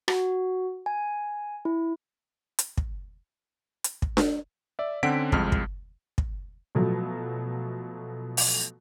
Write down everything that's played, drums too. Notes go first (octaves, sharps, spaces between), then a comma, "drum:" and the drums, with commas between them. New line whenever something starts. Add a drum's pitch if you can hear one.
F#4, drum: rim click
G#5
E4
drum: hi-hat
drum: kick
drum: hi-hat
drum: kick
drum: snare D4
D5 E5
D3 C4 C#4 F#5 B6 D7
C2 F2 G#3 F6, drum: kick
drum: kick
drum: kick
B2 F3 F#3 A3
drum: open hi-hat